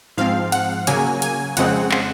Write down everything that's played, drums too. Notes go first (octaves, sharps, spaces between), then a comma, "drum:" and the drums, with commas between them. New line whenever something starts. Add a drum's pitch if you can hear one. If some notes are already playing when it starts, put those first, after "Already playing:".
G#2 F3 C4 F5
F#5, drum: hi-hat
C#3 F#3 A#3 G#5, drum: hi-hat
G#5, drum: hi-hat
F2 C#3 G#3 C4 F#5, drum: hi-hat
drum: clap